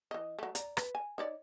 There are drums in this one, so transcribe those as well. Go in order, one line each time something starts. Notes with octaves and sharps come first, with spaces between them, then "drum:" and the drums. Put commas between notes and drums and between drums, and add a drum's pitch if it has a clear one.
E3 D#5
F#3 A3
D5 A#5, drum: hi-hat
B4, drum: rim click
G#5
D#4 C#5 D5